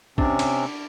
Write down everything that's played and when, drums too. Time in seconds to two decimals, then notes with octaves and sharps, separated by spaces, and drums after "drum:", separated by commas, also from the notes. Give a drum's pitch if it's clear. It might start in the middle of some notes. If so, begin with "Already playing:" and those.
0.18 C3 C#4 D4, drum: kick
0.39 drum: cymbal